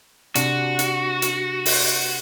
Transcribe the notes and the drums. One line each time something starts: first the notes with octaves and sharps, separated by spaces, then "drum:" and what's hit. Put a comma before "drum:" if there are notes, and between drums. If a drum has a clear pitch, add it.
C3 D4 F#4, drum: hi-hat
drum: hi-hat
drum: hi-hat
drum: open hi-hat